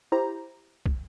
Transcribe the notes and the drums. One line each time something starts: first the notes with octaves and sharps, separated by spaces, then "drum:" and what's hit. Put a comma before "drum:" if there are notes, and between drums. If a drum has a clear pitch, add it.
E4 G4 C5 A#5
drum: kick